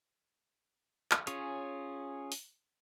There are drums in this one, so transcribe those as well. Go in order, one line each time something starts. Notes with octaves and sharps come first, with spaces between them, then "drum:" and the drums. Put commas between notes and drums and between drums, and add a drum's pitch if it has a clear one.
drum: clap
C#4 F4 G#4 C#5, drum: hi-hat
drum: open hi-hat